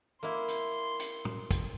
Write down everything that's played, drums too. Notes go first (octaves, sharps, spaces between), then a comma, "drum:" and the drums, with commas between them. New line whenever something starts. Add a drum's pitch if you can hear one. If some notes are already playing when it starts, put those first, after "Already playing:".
A#3 E4 C6
drum: hi-hat
drum: hi-hat
drum: tom
drum: kick, hi-hat